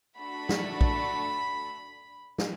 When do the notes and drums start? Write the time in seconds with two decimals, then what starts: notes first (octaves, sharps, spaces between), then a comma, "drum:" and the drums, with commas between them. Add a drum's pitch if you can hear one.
0.18 A3 D4 F#4 A4 B5
0.49 drum: snare
0.81 drum: kick
2.38 drum: snare